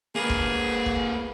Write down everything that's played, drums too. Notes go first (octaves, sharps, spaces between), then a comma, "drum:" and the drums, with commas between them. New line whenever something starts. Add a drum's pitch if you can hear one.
A#3 G#4 B4
drum: kick
drum: kick